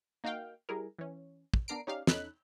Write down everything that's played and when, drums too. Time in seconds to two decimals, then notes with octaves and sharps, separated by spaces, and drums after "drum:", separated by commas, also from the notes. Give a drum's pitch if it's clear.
0.24 A#3 D#4 F#4 F5 G5
0.69 G3 E4 G#4 A#4
0.99 E3 C#4
1.54 drum: kick
1.68 B3 D4 A#4 A#5 C7 D7
1.87 C#4 D#4 G4 D5 F5
2.07 E2 C#4 D#4 A4 B5 F#6, drum: snare